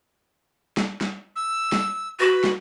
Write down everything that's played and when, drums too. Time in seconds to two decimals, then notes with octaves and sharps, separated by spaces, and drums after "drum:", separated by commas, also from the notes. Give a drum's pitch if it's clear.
0.77 drum: snare
1.01 drum: snare
1.36 E6
1.72 drum: snare
2.20 F#4 B4
2.44 drum: snare